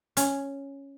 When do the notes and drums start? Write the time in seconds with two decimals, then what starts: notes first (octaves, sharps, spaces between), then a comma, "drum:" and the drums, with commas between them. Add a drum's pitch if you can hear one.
0.17 C#4, drum: hi-hat